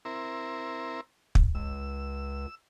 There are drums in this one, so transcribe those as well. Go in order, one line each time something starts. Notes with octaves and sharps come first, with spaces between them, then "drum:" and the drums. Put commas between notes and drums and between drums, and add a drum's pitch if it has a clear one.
C4 E4 A#4
drum: kick
C#2 E6